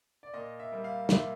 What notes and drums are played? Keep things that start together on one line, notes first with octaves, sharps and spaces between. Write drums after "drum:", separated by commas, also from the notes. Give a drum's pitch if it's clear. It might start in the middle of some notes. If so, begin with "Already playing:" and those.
D5
A#2 D#5
E5
G3 A#3
F5
A#2 E5, drum: snare